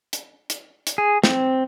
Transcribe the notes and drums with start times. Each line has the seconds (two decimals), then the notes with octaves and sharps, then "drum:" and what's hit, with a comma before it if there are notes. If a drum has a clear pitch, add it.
0.13 drum: hi-hat
0.50 drum: hi-hat
0.87 drum: hi-hat
0.98 G#4
1.24 C4, drum: snare